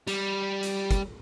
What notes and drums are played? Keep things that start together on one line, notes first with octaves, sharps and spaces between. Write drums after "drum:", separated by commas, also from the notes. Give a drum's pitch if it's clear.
G3, drum: hi-hat
drum: hi-hat
drum: kick, hi-hat